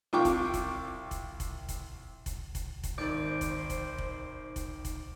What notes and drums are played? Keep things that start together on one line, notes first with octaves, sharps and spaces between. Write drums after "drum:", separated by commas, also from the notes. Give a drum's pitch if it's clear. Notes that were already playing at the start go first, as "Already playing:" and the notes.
C2 F4 G5 C#6 D6
drum: kick F1, hi-hat
drum: kick F1, hi-hat
drum: kick F1, hi-hat
drum: kick F1, hi-hat
drum: kick F1, hi-hat
drum: kick F1, hi-hat
drum: kick F1, hi-hat
drum: kick F1, hi-hat
G#1 D#3 C5 D5 D6 G6 D7
drum: kick F1, hi-hat
drum: kick F1, hi-hat
drum: kick F1
drum: kick F1, hi-hat
drum: kick F1, hi-hat